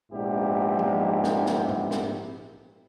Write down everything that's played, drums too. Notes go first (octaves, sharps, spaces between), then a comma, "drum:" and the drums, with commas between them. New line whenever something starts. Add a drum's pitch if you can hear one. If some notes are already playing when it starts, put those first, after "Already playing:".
A#1 G#2 B3 D#4 E4 G4
drum: tom F3
drum: snare
drum: snare
drum: tom G#2
drum: snare